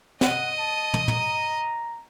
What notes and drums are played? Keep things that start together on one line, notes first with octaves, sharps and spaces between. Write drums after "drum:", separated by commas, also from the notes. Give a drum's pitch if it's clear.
D#5 F#5 D#6, drum: snare
A5
drum: tom
A#5, drum: tom